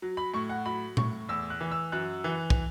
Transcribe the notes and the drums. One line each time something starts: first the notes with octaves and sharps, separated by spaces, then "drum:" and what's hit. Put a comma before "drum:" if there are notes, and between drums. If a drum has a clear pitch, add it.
F#3
B5
A2 C#6
F#5
F#3 B5
A2 C#6, drum: tom A#2
E2 E6
F#6
E3
E6
F#2 F#6
E3
drum: kick